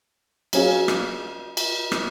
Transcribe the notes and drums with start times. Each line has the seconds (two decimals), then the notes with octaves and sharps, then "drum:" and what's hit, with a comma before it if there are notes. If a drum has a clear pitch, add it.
0.53 F#3 C#4 G#4 C#5 F5, drum: cymbal
0.88 drum: rim click
1.57 drum: cymbal
1.92 drum: rim click